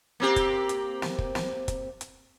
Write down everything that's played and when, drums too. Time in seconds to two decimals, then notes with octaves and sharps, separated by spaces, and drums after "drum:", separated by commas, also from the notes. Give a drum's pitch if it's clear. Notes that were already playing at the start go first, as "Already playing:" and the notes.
0.20 A#3 C4 G4
0.36 drum: kick, hi-hat
0.69 drum: hi-hat
1.02 drum: snare
1.19 drum: kick
1.35 drum: snare
1.68 drum: kick, hi-hat
2.01 drum: hi-hat